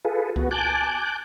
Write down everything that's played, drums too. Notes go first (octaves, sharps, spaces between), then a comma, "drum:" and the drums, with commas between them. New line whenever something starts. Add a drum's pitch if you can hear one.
F4 G#4 A4 B4
B3 F#4, drum: kick C#2
G#5 A5 D6 F#6 G6